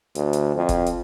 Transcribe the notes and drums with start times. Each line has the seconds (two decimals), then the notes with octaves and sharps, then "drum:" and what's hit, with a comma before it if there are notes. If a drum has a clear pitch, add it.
0.15 D2, drum: hi-hat
0.33 drum: hi-hat
0.55 F2
0.69 drum: kick F1, hi-hat
0.87 drum: hi-hat